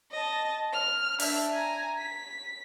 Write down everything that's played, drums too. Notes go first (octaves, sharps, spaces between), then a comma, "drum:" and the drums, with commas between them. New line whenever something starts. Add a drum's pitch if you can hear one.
D#5 A5
F6
D4 E5, drum: open hi-hat
G#5 A#5
B6